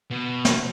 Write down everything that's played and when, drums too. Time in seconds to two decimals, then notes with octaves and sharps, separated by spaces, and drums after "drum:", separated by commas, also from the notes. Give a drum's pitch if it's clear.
0.11 B2
0.45 drum: snare